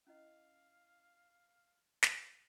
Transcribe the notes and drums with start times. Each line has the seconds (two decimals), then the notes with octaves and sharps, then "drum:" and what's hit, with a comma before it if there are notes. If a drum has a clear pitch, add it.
0.07 C#4 E4 D#5 F5
2.02 drum: snare